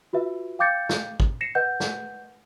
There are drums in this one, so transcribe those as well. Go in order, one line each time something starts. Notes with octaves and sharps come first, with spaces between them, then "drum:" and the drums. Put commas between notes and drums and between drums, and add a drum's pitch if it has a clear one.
F4 F#4 B4 E5
F5 G5 D6 G6 A6 C#7
drum: snare
drum: kick
A#6 C7 C#7 E7
B4 D#5 F#5 G6
drum: snare